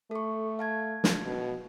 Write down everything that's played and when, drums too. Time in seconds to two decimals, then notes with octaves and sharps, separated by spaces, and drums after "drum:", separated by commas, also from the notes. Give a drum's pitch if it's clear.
0.11 A3 A4 C#6
0.59 F5 A5 G#6
1.04 drum: snare
1.25 B2